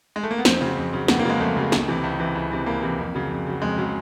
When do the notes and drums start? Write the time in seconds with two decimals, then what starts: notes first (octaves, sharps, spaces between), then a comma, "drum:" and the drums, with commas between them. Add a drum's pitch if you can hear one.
0.16 G#3
0.23 A3
0.31 A#3
0.38 B3
0.45 F2 C4, drum: snare
0.61 C#3 F#3
0.77 F2
0.93 C#3 F#3
1.08 F2 B3, drum: snare
1.19 A#3
1.25 C#3 F#3 G#3
1.40 F2 A3
1.56 C#3 F#3
1.72 C#2, drum: snare
1.88 C3 E3
2.04 C#2
2.20 C3 E3
2.35 C#2
2.51 C3 E3
2.66 C#2 A#3
2.83 C3 E3
2.99 F2
3.15 C#3 F#3
3.31 F2
3.46 C#3 F#3
3.62 F2 G#3
3.78 C#3 F#3